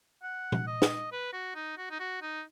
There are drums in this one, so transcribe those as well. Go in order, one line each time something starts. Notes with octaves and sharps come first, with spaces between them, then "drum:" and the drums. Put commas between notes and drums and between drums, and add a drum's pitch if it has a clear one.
F#5
drum: tom A#2
D#5
drum: snare
B4
F#4
D#4
F#4
D#4
F#4
D#4